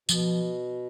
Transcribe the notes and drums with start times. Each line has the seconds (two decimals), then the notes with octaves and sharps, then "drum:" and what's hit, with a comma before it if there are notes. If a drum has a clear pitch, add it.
0.09 B2 F3, drum: tambourine